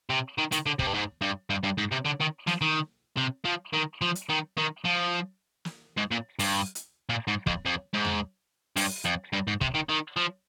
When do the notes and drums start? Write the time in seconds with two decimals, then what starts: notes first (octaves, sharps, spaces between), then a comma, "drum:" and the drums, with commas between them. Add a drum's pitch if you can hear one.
0.10 C3
0.38 D#3
0.52 D#3, drum: hi-hat
0.66 D3
0.79 C3, drum: kick
0.87 G2
0.94 G#2
1.21 G2
1.50 G2
1.63 G2
1.78 G#2
1.91 C3
2.05 D3
2.20 D#3
2.47 F3, drum: snare
2.61 D#3
3.18 C3
3.45 F3
3.73 D#3
4.01 F3
4.15 drum: hi-hat
4.30 D#3
4.58 D#3
4.85 F3
5.65 drum: snare
5.97 G#2
6.11 A#2
6.39 G2, drum: open hi-hat
6.75 drum: hi-hat
7.09 A#2
7.27 G#2
7.46 F2, drum: kick
7.65 F2
7.93 G#2
8.05 drum: tom E2
8.77 G2, drum: open hi-hat
9.05 F2
9.33 G2
9.48 G#2
9.61 C3, drum: kick
9.75 D#3
9.89 D#3
10.17 F3